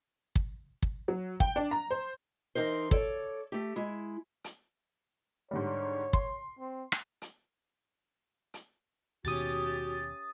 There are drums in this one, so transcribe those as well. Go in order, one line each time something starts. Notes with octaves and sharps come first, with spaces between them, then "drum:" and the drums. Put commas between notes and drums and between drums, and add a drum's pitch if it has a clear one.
drum: kick
drum: kick
F#3
G5, drum: kick
D4
A#5
C5
E3 D#4 A#4 C5
A4 C#5 D5, drum: kick
A3 G4
G#3 E4
drum: hi-hat
G#2 D3 G3 C#5
C6, drum: kick
C4
drum: rim click
drum: hi-hat
drum: hi-hat
D#2 B2 D#3 C#4 F#4 G4 D#6 A6